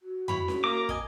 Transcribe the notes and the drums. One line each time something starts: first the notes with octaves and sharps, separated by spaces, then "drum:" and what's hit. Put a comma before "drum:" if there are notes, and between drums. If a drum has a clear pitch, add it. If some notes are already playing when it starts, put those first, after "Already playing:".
F#4
E4 C#5 B5, drum: tom F2
drum: snare C#4
A#3 A#5 D6
D#5 G#5, drum: kick